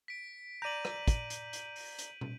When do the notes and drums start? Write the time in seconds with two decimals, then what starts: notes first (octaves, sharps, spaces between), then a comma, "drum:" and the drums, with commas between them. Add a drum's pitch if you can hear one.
0.08 B6 D7
0.62 D5 A#5 G6 D#7 F#7
0.85 drum: rim click
1.08 drum: kick, hi-hat
1.30 drum: hi-hat
1.53 drum: hi-hat
1.76 drum: open hi-hat
1.99 drum: hi-hat
2.21 drum: tom